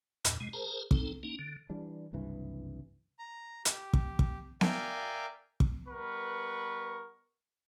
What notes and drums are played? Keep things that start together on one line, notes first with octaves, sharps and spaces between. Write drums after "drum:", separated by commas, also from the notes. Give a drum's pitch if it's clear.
E2 G2 A#2, drum: hi-hat
B2 G#3
G#4 A#4 C5 A5 A#5
C4 D#4 A4, drum: kick
A#3 C#4 D#4
D3
E3 G3 D4
F#1 C2 G2 E3
A#5
G4, drum: hi-hat
drum: kick
drum: kick
A#4 D5 E5 F5 G5 G#5, drum: snare B3
drum: kick
G3 B3 A#4 B4 C#6